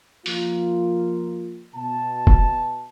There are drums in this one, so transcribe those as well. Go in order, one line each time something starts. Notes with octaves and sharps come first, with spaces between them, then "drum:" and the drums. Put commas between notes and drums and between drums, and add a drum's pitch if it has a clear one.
F3 A#3 F4, drum: open hi-hat
B2 A5
drum: kick